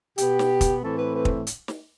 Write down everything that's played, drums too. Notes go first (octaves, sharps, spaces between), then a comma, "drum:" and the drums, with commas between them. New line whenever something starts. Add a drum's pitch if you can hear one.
B2 B3 G4, drum: hi-hat
drum: snare
drum: kick, hi-hat
A2 E3 A3 C4 A4
B4
B4
drum: kick
drum: hi-hat
drum: snare